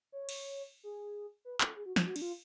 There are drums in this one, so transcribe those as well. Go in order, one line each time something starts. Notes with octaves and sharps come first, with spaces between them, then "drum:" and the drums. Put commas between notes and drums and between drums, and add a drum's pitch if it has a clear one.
C#5
drum: cymbal
G#4
B4
A4, drum: clap
G#4
F#4
F4, drum: snare
F#4
D4, drum: cymbal
F4